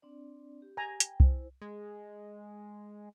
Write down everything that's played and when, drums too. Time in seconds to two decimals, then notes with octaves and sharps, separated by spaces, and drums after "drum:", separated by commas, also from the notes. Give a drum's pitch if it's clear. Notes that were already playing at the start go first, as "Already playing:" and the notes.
0.02 C4 D4 D5
0.62 G4
0.77 G#5 A#5
1.00 G5, drum: hi-hat
1.20 E4 C5, drum: kick C2
1.62 G#3